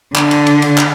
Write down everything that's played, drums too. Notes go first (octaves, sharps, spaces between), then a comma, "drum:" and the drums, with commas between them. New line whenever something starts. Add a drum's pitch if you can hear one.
D3, drum: clap
drum: cymbal
drum: cymbal
drum: cymbal
drum: clap